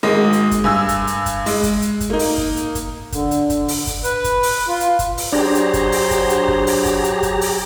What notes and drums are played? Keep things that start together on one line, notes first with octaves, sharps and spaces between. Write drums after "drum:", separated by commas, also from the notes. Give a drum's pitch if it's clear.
G#1 G#3 A#3
drum: hi-hat
drum: kick F#1, hi-hat
G2 G#5 E6
drum: kick F#1, hi-hat
drum: hi-hat
drum: kick F#1, hi-hat
G#3, drum: open hi-hat
drum: kick F#1, hi-hat
drum: hi-hat
drum: kick F#1, hi-hat
A#3 D#4
drum: open hi-hat
drum: kick F#1
drum: hi-hat
drum: kick F#1, hi-hat
D3, drum: kick F#1, hi-hat
drum: hi-hat
drum: kick F#1, hi-hat
drum: open hi-hat
drum: kick F#1, hi-hat
B4, drum: hi-hat
drum: kick F#1, hi-hat
drum: open hi-hat
F4
drum: hi-hat
drum: kick F#1, hi-hat
drum: open hi-hat
F#3 D4 G4 G#4 C5 A#5
drum: hi-hat
drum: kick F#1, hi-hat
drum: open hi-hat
drum: kick F#1, hi-hat
drum: hi-hat
drum: kick F#1
drum: open hi-hat
drum: kick F#1, hi-hat
drum: hi-hat
drum: kick F#1, hi-hat
drum: open hi-hat